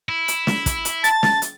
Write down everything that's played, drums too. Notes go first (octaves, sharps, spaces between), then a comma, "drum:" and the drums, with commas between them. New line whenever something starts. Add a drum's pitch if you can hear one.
E4
drum: hi-hat
drum: snare
drum: kick, hi-hat
drum: hi-hat
A5 A6, drum: hi-hat
drum: snare
drum: hi-hat